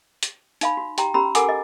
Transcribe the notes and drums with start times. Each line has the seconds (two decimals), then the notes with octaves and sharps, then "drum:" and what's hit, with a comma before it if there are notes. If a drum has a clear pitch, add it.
0.23 drum: hi-hat
0.61 D#4 F5 B5, drum: hi-hat
0.77 F#4
0.98 G4 G5 A#5, drum: hi-hat
1.14 C#4 G4 A#5 B5 E6
1.35 A4 A#4 F#5 G#5 D6 E6, drum: hi-hat
1.49 D#5